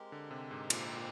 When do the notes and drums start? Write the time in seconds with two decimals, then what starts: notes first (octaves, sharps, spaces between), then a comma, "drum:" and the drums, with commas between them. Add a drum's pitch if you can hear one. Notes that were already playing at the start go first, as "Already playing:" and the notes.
Already playing: G#3 C4 G4 A#4
0.12 D3
0.31 C3
0.51 G#2
0.70 A#2, drum: cymbal
0.96 A#2